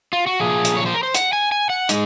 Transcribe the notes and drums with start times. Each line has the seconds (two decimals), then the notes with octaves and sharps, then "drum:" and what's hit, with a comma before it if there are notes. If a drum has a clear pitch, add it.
0.13 F4
0.26 F#4
0.40 A#2 F3 G#4
0.65 drum: hi-hat
0.77 C#5
0.86 C5
0.94 A#4
1.03 C5
1.15 F#5, drum: hi-hat
1.33 G#5
1.52 G#5
1.70 F#5
1.89 G#3 D#4, drum: hi-hat